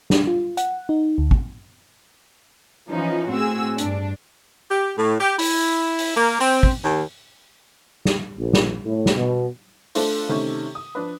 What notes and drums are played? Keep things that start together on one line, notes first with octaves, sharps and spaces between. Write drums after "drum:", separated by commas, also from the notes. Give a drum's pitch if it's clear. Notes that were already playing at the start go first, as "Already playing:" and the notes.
D4, drum: snare
F4
F#5, drum: hi-hat
D#4
D2
drum: kick
E3 F3 C#4 D#4
A2 C4 F#4 G#4 E6
G2 D4, drum: hi-hat
G4
A2
G4
E4, drum: open hi-hat
drum: open hi-hat
A#3
C4, drum: open hi-hat
drum: kick
D#2
drum: snare
A#1
drum: snare
A2
drum: snare
B2
A3 D4 F4 A4 C5, drum: open hi-hat
C3 D#3 A3 C#4
D#6
F3 D4 B4